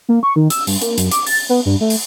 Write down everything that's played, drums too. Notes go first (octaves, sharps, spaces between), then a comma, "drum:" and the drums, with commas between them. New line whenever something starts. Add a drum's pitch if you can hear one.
A#3
C#6
D#3
E6, drum: hi-hat
G2, drum: open hi-hat
A#3, drum: hi-hat
F#2, drum: hi-hat
D6, drum: hi-hat
A6, drum: open hi-hat
B3
G2
A3
drum: open hi-hat